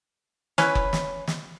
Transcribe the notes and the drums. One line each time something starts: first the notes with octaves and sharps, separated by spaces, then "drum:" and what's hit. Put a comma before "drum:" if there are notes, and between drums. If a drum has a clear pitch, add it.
C#4 E4 B4, drum: snare
drum: kick F#1
drum: snare
drum: snare